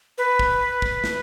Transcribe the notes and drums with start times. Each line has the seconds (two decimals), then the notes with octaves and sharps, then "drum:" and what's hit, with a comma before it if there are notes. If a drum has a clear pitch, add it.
0.18 B4
0.39 drum: kick
0.82 drum: kick
1.04 drum: snare